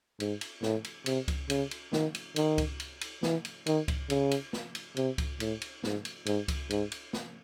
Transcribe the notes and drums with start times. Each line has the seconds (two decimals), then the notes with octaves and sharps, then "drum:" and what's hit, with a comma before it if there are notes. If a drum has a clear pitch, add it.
0.20 G#2, drum: cymbal
0.41 drum: cymbal
0.63 A2, drum: snare
0.84 drum: cymbal
1.06 C3, drum: cymbal
1.28 drum: kick C#2, cymbal
1.50 C#3, drum: cymbal
1.71 drum: cymbal
1.93 D#3, drum: snare
2.15 drum: cymbal
2.36 D#3, drum: cymbal
2.58 drum: kick C#2, cymbal
2.80 drum: cymbal
3.01 drum: cymbal
3.23 E3, drum: snare
3.45 drum: cymbal
3.66 D#3, drum: cymbal
3.88 drum: kick C#2, cymbal
4.10 C#3, drum: cymbal
4.31 drum: cymbal
4.53 drum: snare
4.75 drum: cymbal
4.97 C3, drum: cymbal
5.18 drum: kick C#2, cymbal
5.40 A2, drum: cymbal
5.61 drum: cymbal
5.84 G#2, drum: snare
6.05 drum: cymbal
6.26 G#2, drum: cymbal
6.48 drum: kick C#2, cymbal
6.70 G#2, drum: cymbal
6.92 drum: cymbal
7.13 drum: snare